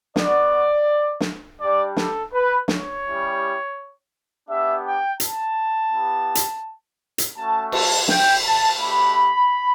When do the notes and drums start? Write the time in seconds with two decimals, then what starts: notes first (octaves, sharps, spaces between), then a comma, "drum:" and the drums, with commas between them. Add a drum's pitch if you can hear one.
0.16 B3 F#4 D5, drum: snare
1.20 drum: snare
1.60 G3 D4 G4 D5
1.97 A4, drum: snare
2.32 B4
2.68 C#5, drum: snare
3.04 G3 C#4 E4 G4
4.48 B3 D4 G4 E5
4.85 G5
5.20 A5, drum: hi-hat
5.92 B3 E4 G4
6.35 drum: hi-hat
7.18 drum: hi-hat
7.36 A3 C#4 F#4 A5
7.72 A5, drum: cymbal
8.08 G5, drum: snare
8.44 A5
8.80 A3 D4 G4 B5